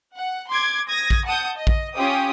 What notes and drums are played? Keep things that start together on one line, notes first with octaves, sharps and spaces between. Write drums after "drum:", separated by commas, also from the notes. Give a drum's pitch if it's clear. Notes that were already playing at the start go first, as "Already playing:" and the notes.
F#5
C6 D6 G#6
D#6 G#6 A#6
drum: kick
F#5 A5 D#6 G6
D#5
drum: kick
C#4 F4 G4 G5 D#6